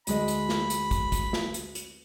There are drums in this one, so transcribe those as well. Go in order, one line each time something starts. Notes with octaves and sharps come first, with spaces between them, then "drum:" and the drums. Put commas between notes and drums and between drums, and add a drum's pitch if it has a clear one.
D2 G#3 D#5 B5, drum: hi-hat
drum: hi-hat
drum: snare
drum: hi-hat
drum: kick, hi-hat
drum: kick, hi-hat
drum: snare
drum: hi-hat
drum: hi-hat